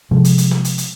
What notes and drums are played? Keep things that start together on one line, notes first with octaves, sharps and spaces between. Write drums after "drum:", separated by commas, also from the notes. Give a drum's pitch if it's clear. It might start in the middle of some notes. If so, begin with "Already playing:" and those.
C3 F3 G#3
drum: hi-hat
drum: hi-hat
drum: snare
drum: hi-hat
drum: hi-hat